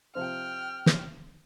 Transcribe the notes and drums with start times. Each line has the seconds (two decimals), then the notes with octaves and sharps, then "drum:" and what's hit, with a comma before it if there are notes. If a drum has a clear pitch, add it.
0.15 C3 F3 C4 G5 F6
0.86 drum: snare